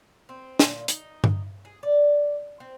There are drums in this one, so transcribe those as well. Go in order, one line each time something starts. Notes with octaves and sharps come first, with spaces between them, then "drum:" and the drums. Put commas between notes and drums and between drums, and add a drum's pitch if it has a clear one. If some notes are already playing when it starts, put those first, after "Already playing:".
C4
A#2, drum: snare
D#4, drum: hi-hat
drum: tom G2
G#4
D5
C4